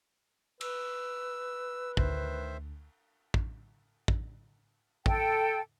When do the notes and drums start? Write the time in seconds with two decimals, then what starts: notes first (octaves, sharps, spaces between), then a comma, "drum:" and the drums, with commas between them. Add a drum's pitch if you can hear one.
0.61 B4 E6, drum: cymbal
1.97 D2 D#3 C5 E5, drum: kick
3.34 drum: kick
4.08 drum: kick
5.06 A4 G5, drum: kick